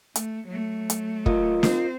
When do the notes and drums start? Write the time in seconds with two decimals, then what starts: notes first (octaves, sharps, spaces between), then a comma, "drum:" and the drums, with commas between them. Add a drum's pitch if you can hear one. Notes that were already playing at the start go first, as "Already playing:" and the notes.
0.16 A3, drum: hi-hat
0.47 F#3 A3
0.90 drum: hi-hat
1.26 F4 A#4 D#5, drum: kick
1.63 C4 C5, drum: snare